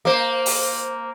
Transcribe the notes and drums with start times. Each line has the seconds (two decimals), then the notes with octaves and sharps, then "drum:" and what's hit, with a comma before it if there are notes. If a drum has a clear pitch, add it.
0.05 A#3 C5
0.46 drum: open hi-hat